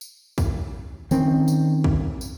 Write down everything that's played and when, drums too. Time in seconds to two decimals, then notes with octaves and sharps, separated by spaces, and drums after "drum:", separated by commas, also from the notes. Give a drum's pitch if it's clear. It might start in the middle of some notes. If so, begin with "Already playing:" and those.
0.01 drum: tambourine
0.38 drum: kick, tambourine
1.11 D#3 C4 C#4, drum: tambourine
1.48 drum: tambourine
1.84 drum: kick
2.21 drum: tambourine